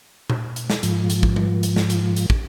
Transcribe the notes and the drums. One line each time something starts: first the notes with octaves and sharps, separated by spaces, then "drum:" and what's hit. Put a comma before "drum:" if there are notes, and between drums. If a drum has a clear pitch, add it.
drum: tom A#2
drum: hi-hat
drum: snare
G#2 F3, drum: hi-hat
drum: hi-hat
drum: kick
drum: tom G3
drum: hi-hat
drum: snare
drum: hi-hat
drum: hi-hat
drum: kick